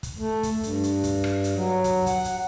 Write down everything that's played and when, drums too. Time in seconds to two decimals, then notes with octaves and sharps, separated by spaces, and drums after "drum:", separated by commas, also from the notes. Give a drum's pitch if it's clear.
0.03 drum: kick, hi-hat
0.18 A3
0.43 drum: kick, hi-hat
0.63 G2, drum: hi-hat
0.83 drum: hi-hat
1.04 drum: kick, hi-hat
1.24 drum: rim click
1.44 drum: hi-hat
1.55 F#3
1.84 drum: kick, hi-hat
2.06 F#5, drum: kick, hi-hat
2.24 drum: hi-hat